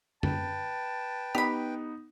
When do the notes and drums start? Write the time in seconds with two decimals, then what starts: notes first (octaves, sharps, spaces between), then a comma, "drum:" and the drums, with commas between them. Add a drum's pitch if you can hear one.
0.23 B4 G5 A5, drum: tom F#2
1.35 B3 D#4 G4 B5